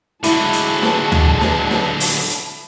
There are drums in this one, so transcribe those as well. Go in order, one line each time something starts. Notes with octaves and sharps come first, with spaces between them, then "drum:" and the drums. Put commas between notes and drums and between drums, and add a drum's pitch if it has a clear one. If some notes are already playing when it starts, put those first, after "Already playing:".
D3 F#3 G#3 E4 A5, drum: hi-hat
drum: hi-hat
drum: snare
drum: tom D2
drum: snare
drum: snare
drum: open hi-hat
drum: hi-hat